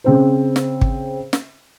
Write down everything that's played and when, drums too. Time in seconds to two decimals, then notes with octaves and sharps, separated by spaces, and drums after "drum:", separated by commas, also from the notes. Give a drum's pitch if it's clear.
0.04 C#3 C4 C5
0.56 drum: snare
0.81 drum: kick
1.33 drum: snare